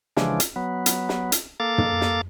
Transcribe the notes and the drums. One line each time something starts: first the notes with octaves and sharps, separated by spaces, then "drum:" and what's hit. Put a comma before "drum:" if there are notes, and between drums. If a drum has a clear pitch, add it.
C#3 E3 F3 G#3 D4, drum: snare
drum: hi-hat
F#3 B3
drum: hi-hat
drum: snare
drum: hi-hat
A#3 A4 F5 D6 A6
drum: tom
drum: snare